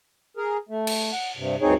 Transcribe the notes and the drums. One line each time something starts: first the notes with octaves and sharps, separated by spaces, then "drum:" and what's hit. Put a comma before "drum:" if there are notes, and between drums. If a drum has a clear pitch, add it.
G#4 A#4
A3
drum: cymbal
F#5
G2 C3
D2 G2 C4 D#4 G#4 C#5